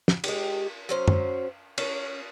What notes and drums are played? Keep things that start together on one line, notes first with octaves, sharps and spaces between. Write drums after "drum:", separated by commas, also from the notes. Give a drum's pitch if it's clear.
drum: snare
G#3 G4, drum: cymbal
F#3 C#4 C5
drum: tom F#2
C#4, drum: cymbal